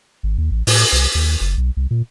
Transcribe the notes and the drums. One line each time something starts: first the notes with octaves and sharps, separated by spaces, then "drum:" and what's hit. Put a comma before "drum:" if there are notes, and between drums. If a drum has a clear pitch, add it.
G#1
D#2
A1
A2, drum: open hi-hat
C2
D#2
F#1
B1
C2
A#2